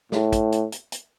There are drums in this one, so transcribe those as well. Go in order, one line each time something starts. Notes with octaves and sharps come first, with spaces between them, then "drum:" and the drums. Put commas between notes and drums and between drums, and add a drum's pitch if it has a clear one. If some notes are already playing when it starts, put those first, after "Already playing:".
A2, drum: snare
drum: kick, hi-hat
drum: hi-hat
drum: hi-hat
drum: hi-hat